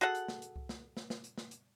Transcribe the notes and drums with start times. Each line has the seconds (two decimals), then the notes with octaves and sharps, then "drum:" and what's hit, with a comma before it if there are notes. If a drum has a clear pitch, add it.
0.01 F#4 G#4 A4 F#5
0.15 drum: hi-hat
0.28 drum: snare
0.42 drum: hi-hat
0.56 drum: kick C2
0.69 drum: snare
0.97 drum: snare
1.10 drum: snare
1.24 drum: hi-hat
1.38 drum: snare
1.51 drum: hi-hat